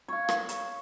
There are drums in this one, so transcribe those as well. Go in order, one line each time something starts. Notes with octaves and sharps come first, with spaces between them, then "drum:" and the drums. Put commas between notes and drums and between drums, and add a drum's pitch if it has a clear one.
C#5 F5
drum: rim click
drum: hi-hat